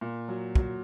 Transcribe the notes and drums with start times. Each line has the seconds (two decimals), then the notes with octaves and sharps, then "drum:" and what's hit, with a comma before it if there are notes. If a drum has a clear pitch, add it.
0.01 A#2
0.28 F#3
0.55 F#3, drum: kick